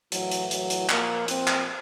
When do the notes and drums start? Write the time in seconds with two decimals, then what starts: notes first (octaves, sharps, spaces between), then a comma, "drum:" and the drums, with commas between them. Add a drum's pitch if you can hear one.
0.12 A2 E3 F#3, drum: hi-hat
0.31 drum: hi-hat
0.51 F#3, drum: hi-hat
0.70 drum: hi-hat
0.89 A#2 F3 A#3, drum: clap
1.28 C4, drum: hi-hat
1.47 drum: clap